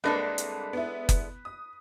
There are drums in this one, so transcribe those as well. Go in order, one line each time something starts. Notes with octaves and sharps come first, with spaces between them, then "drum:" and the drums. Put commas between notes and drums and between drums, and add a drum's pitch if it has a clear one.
C2 G#3 A#3 D4 A4 B4 A#6
drum: hi-hat
B3 E4
drum: kick F#1, hi-hat
D#6